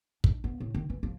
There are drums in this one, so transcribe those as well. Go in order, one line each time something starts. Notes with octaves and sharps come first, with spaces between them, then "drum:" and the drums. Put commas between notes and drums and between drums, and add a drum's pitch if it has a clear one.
D4, drum: kick
B3
A2
D#3
E3
F3